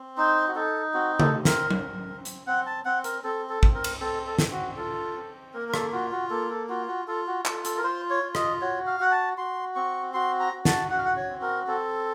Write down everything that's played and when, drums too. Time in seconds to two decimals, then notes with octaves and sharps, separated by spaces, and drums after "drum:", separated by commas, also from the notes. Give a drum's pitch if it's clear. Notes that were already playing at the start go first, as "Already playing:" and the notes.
Already playing: C4
0.17 D#4 C5
0.48 F#4
0.55 D#4 A4
0.94 C4 F#4
1.20 A4, drum: tom C#3
1.32 C4
1.45 A#4, drum: snare
1.71 C4, drum: tom F#3
2.09 C4
2.25 drum: hi-hat
2.47 C4 F#5
2.67 A5
2.85 C4 F#5
3.04 A#4, drum: hi-hat
3.24 C4 A4
3.49 A4
3.63 C4, drum: kick
3.75 A#4
3.84 drum: cymbal
4.01 C4 A4
4.27 A4
4.39 C4, drum: snare
4.52 F#4
4.77 F4 A4
5.16 C4
5.54 A#3 A#4
5.69 A#4
5.74 A4, drum: rim click
5.93 F4 F#4
6.12 F#4
6.30 A#3 A4
6.50 A4
6.69 F4 F#4
6.88 F#4
7.08 F4 A4
7.27 F#4
7.45 F4 A4, drum: clap
7.65 A4, drum: hi-hat
7.77 A#4
7.84 F4 C5
8.10 C#5
8.23 F4
8.35 D#5, drum: rim click
8.61 F#4 C#5
8.86 F5
9.00 F#4 F#5
9.11 A5
9.38 F#4 C6
9.76 C4 C#6
10.14 F#4 C6
10.40 A#5
10.53 F#4
10.65 A5, drum: snare
10.91 F#4 F#5
10.98 F5
11.05 F#5
11.17 C#5
11.29 C4
11.42 A#4
11.67 C4 A4